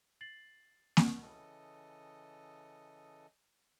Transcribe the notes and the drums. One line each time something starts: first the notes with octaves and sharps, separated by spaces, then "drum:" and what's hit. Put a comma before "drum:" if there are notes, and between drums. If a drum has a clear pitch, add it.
A6 C7 F#7
drum: snare A#3
C#3 E3 A4 D#5